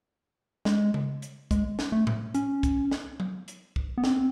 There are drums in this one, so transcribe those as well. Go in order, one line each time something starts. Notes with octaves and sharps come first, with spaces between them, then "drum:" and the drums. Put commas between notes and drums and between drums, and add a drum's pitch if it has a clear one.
G#3, drum: snare
drum: tom C#3
drum: hi-hat
G#3, drum: kick, hi-hat
drum: snare
A3
drum: tom A2
C#4, drum: hi-hat
drum: kick, hi-hat
drum: snare
drum: tom F#3
drum: hi-hat
drum: kick
B3
C4, drum: snare